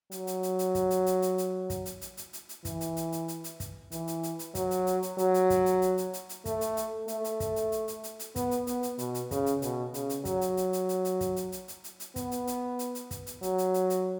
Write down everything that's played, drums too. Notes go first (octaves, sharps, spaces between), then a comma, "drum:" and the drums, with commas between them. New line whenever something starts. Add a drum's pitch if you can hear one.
F#3, drum: hi-hat
drum: hi-hat
drum: hi-hat
drum: hi-hat
drum: kick, hi-hat
drum: hi-hat
drum: hi-hat
drum: hi-hat
drum: hi-hat
drum: kick, hi-hat
drum: hi-hat
drum: hi-hat
drum: hi-hat
drum: hi-hat
drum: hi-hat
E3, drum: kick, hi-hat
drum: hi-hat
drum: hi-hat
drum: hi-hat
drum: hi-hat
drum: hi-hat
drum: kick, hi-hat
E3, drum: hi-hat
drum: hi-hat
drum: hi-hat
drum: hi-hat
F#3, drum: kick, hi-hat
drum: hi-hat
drum: hi-hat
drum: hi-hat
F#3, drum: hi-hat
drum: hi-hat
drum: kick, hi-hat
drum: hi-hat
drum: hi-hat
drum: hi-hat
drum: hi-hat
drum: hi-hat
A3, drum: kick, hi-hat
drum: hi-hat
drum: hi-hat
A3, drum: hi-hat
drum: hi-hat
drum: kick, hi-hat
drum: hi-hat
drum: hi-hat
drum: hi-hat
drum: hi-hat
drum: hi-hat
B3, drum: kick, hi-hat
drum: hi-hat
B3, drum: hi-hat
drum: hi-hat
B2, drum: hi-hat
drum: hi-hat
C#3, drum: kick, hi-hat
drum: hi-hat
B2, drum: hi-hat
C#3, drum: hi-hat
drum: hi-hat
F#3, drum: kick, hi-hat
drum: hi-hat
drum: hi-hat
drum: hi-hat
drum: hi-hat
drum: hi-hat
drum: kick, hi-hat
drum: hi-hat
drum: hi-hat
drum: hi-hat
drum: hi-hat
drum: hi-hat
B3, drum: kick, hi-hat
drum: hi-hat
drum: hi-hat
drum: hi-hat
drum: hi-hat
drum: kick, hi-hat
drum: hi-hat
F#3, drum: hi-hat
drum: hi-hat
drum: hi-hat
drum: hi-hat